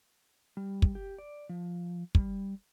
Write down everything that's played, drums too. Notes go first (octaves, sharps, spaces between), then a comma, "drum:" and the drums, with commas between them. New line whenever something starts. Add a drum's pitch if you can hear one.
G3
drum: kick
G4
D5
F3
G3, drum: kick